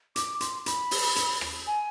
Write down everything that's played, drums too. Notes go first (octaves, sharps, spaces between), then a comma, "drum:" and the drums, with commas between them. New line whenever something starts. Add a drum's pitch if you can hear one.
D6, drum: hi-hat
C6, drum: hi-hat
B5, drum: hi-hat
drum: open hi-hat
drum: hi-hat
drum: rim click
G#5